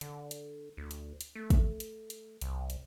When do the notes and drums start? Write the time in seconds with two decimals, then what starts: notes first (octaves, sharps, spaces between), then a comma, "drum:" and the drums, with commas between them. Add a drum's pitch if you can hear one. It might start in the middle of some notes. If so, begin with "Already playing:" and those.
0.01 D3, drum: hi-hat
0.31 drum: hi-hat
0.77 D2
0.91 drum: hi-hat
1.21 drum: hi-hat
1.35 A3
1.50 drum: kick, hi-hat
1.80 drum: hi-hat
2.10 drum: hi-hat
2.41 C2, drum: hi-hat
2.70 drum: hi-hat